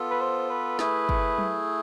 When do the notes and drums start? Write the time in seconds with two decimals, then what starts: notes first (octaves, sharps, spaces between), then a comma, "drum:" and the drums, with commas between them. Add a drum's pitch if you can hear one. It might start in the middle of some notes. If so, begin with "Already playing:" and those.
Already playing: B3 F4 A4
0.11 B4
0.21 C5
0.50 B4
0.79 A3 E4 G#4 B4, drum: snare
1.09 drum: kick
1.38 drum: tom F#3